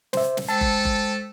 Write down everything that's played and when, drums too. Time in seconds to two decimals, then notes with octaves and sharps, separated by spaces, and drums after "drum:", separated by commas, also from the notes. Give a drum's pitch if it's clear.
0.13 C5 E5, drum: snare
0.37 drum: snare
0.49 G#3 A3 A4 C5 G5 A5
0.61 drum: kick F#1
0.85 drum: kick F#1